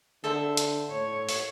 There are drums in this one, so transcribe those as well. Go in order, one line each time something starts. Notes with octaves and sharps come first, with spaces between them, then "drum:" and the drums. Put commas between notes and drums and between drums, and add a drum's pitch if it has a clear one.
D3 A4 C5 E5
drum: hi-hat
A2 C#5
drum: open hi-hat